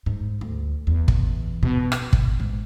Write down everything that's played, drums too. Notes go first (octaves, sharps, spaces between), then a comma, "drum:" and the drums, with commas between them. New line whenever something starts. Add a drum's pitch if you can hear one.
G#2
D2
E2
drum: kick
B2
drum: rim click
drum: kick
G#2